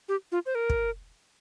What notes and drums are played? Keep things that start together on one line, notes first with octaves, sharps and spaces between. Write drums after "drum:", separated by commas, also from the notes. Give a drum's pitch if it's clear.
G4
F4
C5
A#4
drum: kick